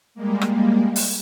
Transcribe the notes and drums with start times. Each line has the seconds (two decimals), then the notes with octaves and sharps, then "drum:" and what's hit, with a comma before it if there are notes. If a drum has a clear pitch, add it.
0.14 G3 G#3 A#3
0.42 drum: rim click
0.96 drum: open hi-hat